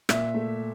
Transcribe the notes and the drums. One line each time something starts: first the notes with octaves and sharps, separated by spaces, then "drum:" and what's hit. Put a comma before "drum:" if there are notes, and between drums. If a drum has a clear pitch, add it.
A#2 E5, drum: rim click
A3